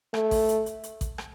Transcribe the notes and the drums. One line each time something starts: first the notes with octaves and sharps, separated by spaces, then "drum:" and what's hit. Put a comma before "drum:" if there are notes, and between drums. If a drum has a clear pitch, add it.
A3, drum: rim click
drum: kick A1, open hi-hat
drum: hi-hat
drum: hi-hat
drum: hi-hat
drum: kick A1, hi-hat
drum: rim click